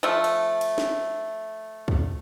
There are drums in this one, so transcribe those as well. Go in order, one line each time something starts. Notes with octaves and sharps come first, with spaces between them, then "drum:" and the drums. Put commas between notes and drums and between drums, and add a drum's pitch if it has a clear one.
F3 A3
drum: cymbal
drum: cymbal
drum: snare
drum: kick